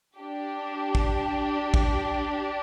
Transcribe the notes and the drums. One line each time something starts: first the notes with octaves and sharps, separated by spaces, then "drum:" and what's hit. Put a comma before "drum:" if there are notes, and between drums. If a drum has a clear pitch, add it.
D4 G4
drum: kick
drum: kick